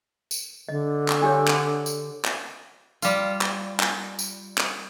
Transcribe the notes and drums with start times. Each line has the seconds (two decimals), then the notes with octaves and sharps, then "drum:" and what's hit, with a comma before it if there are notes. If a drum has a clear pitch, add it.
0.31 drum: tambourine
0.69 D3 D#5
1.08 drum: clap
1.22 D4 G4 C#5
1.47 drum: clap
1.86 drum: tambourine
2.25 drum: clap
3.02 G3 F4, drum: tambourine
3.41 drum: clap
3.80 drum: clap
4.19 drum: tambourine
4.57 drum: clap